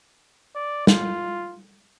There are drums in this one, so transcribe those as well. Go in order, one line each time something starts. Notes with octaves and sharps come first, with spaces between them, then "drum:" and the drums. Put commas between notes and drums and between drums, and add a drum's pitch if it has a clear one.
D5
F4, drum: snare